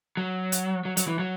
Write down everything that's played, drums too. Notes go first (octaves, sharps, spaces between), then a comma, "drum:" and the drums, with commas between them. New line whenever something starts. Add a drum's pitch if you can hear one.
F#3
drum: hi-hat
F#3
F#3, drum: hi-hat
E3
F#3